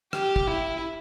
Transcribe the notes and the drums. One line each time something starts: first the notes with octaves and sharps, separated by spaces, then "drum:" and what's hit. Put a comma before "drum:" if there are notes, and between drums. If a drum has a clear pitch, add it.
G4, drum: rim click
drum: kick
E4